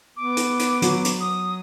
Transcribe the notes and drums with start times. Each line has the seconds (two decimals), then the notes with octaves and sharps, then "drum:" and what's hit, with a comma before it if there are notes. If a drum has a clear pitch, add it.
0.17 B3 D6
0.37 drum: hi-hat
0.59 drum: hi-hat
0.82 F#3, drum: hi-hat
1.05 drum: hi-hat
1.20 D#6